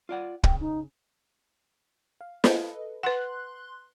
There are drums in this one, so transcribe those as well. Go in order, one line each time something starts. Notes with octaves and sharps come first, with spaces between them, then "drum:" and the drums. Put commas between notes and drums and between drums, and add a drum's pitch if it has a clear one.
F4 D5 F#5
D#2 C#3 G5, drum: kick
D#4
F5
A4 B4 D#5, drum: snare
B4 F#5 C6 F#6